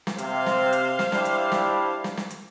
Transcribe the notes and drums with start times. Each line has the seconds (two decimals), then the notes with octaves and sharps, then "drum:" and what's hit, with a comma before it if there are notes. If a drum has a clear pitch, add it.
0.07 drum: snare
0.18 C3 C5 F5, drum: hi-hat
0.46 drum: snare
0.73 drum: hi-hat
0.99 drum: snare
1.12 G3 D4 E4, drum: snare
1.25 drum: hi-hat
1.52 drum: snare
2.04 drum: snare
2.17 drum: snare
2.31 drum: hi-hat